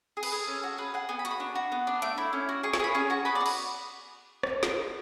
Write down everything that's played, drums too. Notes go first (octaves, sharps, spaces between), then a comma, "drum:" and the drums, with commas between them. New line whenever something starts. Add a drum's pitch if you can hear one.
G#4
B4, drum: cymbal
G#4 A4
C#4
F#4
G#4 B4
G#4 F#5
B3 G#5
B5
F#4 C#6, drum: hi-hat
B5
D4
F#4
B3
D4
A3 D6, drum: hi-hat
E4
C#4
F#4
G#4 C#6
C#6, drum: snare
G#4 B5
C#4 C#6
F#4 C#6
B3 B5
D5
F#4
B4, drum: cymbal
drum: rim click
drum: snare